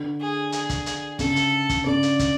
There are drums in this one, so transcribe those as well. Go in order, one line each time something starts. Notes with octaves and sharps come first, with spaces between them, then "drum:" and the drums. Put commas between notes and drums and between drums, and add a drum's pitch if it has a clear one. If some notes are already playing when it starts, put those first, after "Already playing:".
Already playing: D3
G#4
G#4, drum: hi-hat
drum: kick, hi-hat
drum: hi-hat
C#3 A4, drum: kick, hi-hat
drum: hi-hat
drum: kick, hi-hat
C#3 D5
drum: hi-hat
drum: kick, hi-hat